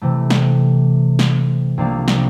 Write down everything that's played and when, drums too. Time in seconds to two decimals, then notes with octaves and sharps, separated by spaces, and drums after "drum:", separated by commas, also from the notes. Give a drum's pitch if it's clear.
0.02 C3 E3 A3
0.30 drum: snare
1.19 drum: snare
1.78 C2 C3 F3 A#3 D4
2.08 drum: snare